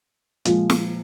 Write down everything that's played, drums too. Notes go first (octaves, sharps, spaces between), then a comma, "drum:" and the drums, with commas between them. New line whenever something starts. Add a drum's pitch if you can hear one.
A#2 F3 G#3, drum: hi-hat
drum: snare